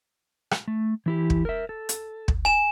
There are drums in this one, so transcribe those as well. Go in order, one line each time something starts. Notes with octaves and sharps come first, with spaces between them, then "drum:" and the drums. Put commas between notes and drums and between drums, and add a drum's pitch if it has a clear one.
drum: rim click
A3
E3 E4 G4
drum: kick
A#4 E5
A4
drum: hi-hat
drum: kick
G#5 E7